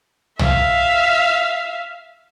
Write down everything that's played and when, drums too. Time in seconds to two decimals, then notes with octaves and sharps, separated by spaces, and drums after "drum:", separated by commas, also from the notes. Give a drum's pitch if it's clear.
0.39 E5 F5, drum: tom